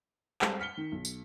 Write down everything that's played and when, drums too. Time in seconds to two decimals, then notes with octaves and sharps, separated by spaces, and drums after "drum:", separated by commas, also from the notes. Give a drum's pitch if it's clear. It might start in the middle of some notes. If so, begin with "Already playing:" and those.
0.42 G3 G#3 C4 A4 C5 F5, drum: clap
0.60 F6 B6 C#7 G7
0.77 D#3
0.92 B1
1.05 drum: tambourine